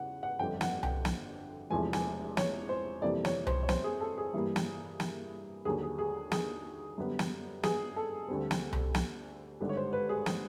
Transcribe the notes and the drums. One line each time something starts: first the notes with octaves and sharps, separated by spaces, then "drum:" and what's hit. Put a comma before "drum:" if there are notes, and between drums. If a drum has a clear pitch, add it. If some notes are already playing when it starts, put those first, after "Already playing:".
Already playing: E2 C#3 F#5
F#5
G1 F2 D3 G5
F#5, drum: snare
G5, drum: tom C2
drum: snare
E1 E2 C3 F3 A3 G#5
G#5, drum: snare
C#5, drum: snare
C5
F2 C3 E3 G3 A#3 D5
C#5, drum: snare
C5, drum: tom C2
C#5
C5, drum: snare
G#4
A4
G#4
G2 E3 G3 A#3
drum: snare
drum: snare
D#2 D3 F#3 A#3 G#4
G#4
G#4
G#4, drum: snare
F#2 D3 G3 B3
drum: snare
G#4, drum: snare
A4
D2 D3 G3 C4
drum: snare
drum: tom C2
drum: snare
G#1 G2 D3 G3
C#5
C5
B4
G#4
drum: snare